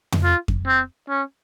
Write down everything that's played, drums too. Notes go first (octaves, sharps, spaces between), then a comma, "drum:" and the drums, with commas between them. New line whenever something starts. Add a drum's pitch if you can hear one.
drum: tom F2
F4
drum: kick F2
C4
C#4